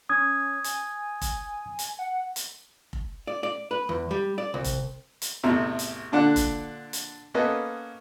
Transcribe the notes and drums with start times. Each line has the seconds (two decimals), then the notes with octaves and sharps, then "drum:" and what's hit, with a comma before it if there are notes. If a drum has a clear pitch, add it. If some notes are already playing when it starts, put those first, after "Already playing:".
0.09 C#4 D#6 G#6
0.64 G#5, drum: hi-hat
1.21 drum: kick F1, hi-hat
1.79 drum: hi-hat
1.99 F#5
2.36 drum: hi-hat
2.93 drum: kick F1
3.27 D5
3.43 D5
3.71 B4
3.89 E2
4.11 G3
4.38 D5
4.54 C2
4.64 drum: kick F1, hi-hat
5.22 drum: hi-hat
5.43 A1 E2 C3 E4 A4 A#5
5.79 drum: hi-hat
6.12 A#2 D3 D4 D5 F#5
6.36 drum: kick F1, hi-hat
6.93 drum: hi-hat
7.34 A#3 B3 C#4 A4 B4 D#5